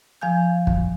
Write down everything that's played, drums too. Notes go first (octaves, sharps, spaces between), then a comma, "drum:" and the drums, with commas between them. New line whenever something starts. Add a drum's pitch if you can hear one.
F3 F5 G#5 G6
drum: kick